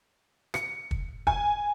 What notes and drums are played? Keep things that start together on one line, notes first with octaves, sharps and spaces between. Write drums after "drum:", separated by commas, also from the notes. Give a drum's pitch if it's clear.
C#7, drum: rim click
drum: kick
G#5, drum: kick